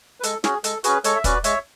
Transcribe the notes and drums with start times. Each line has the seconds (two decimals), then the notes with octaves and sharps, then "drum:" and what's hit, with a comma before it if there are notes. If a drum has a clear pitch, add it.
0.20 B4
0.23 G#3 A4, drum: hi-hat
0.44 C#4 F#4 G#4, drum: snare
0.64 G#3 A4, drum: hi-hat
0.84 C#4 F#4 G#4 B4, drum: hi-hat
1.04 G#3 A4 C#5, drum: hi-hat
1.15 E5
1.24 C#4 F#4 B4 D5, drum: kick, hi-hat
1.44 G#3 C#5 E5, drum: hi-hat